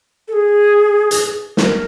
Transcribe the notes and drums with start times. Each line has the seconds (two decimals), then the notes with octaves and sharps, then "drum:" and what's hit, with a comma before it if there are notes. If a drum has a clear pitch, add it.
0.28 A4
0.33 G#4
1.11 drum: hi-hat
1.57 A#4, drum: snare